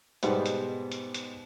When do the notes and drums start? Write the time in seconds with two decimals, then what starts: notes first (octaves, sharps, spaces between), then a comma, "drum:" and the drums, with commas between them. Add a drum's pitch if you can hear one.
0.23 G#2 B2 G3 B3 C5, drum: hi-hat
0.46 drum: hi-hat
0.92 drum: hi-hat
1.14 drum: hi-hat